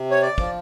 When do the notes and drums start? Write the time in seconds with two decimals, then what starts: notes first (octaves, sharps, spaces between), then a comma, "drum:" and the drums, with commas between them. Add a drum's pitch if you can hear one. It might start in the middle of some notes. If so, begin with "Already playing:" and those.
Already playing: C3
0.11 C#5
0.22 D5
0.38 F3, drum: kick